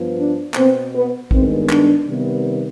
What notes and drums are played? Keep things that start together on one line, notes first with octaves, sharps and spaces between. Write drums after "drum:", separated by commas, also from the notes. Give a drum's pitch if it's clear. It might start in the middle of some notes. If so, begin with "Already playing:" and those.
Already playing: G2 F3 B3
D4
B2 B3 C4, drum: clap
B3
G2 D#3 G#3 B3 C4, drum: kick A#1
D4, drum: clap
C3 D#3 G3 B3